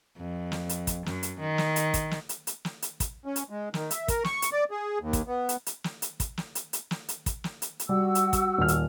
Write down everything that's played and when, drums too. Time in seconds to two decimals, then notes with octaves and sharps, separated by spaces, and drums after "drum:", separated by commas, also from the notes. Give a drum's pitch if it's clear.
0.17 F2
0.52 drum: snare
0.69 drum: hi-hat
0.87 drum: kick, hi-hat
1.06 F#2, drum: snare
1.23 drum: hi-hat
1.40 D#3
1.58 drum: snare
1.76 drum: hi-hat
1.94 drum: kick, hi-hat
2.11 drum: snare
2.29 drum: hi-hat
2.47 drum: hi-hat
2.65 drum: snare
2.82 drum: hi-hat
3.00 drum: kick, hi-hat
3.25 C#4
3.36 drum: hi-hat
3.50 G#3
3.74 D#3, drum: snare
3.91 E5, drum: hi-hat
4.08 A#4, drum: kick, hi-hat
4.24 C#6, drum: snare
4.42 drum: hi-hat
4.52 D5
4.71 G#4
5.01 D#2
5.13 drum: kick, hi-hat
5.28 B3
5.49 drum: hi-hat
5.66 drum: hi-hat
5.84 drum: snare
6.02 drum: hi-hat
6.20 drum: kick, hi-hat
6.38 drum: snare
6.55 drum: hi-hat
6.73 drum: hi-hat
6.91 drum: snare
7.09 drum: hi-hat
7.26 drum: kick, hi-hat
7.44 drum: snare
7.62 drum: hi-hat
7.80 drum: hi-hat
7.89 G3 F#4 F#5 E6
8.15 drum: hi-hat
8.33 drum: kick, hi-hat
8.58 D#1 F6
8.68 drum: hi-hat